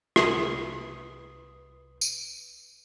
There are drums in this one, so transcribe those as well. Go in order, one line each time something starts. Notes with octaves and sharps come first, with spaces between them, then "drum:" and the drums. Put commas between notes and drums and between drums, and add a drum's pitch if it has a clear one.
C2 B4 D#6, drum: rim click
drum: tambourine